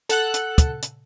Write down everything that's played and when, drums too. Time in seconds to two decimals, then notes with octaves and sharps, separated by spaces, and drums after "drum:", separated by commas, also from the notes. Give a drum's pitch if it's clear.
0.09 A4 F#5 F#6, drum: hi-hat
0.34 drum: hi-hat
0.58 drum: kick, hi-hat
0.82 drum: hi-hat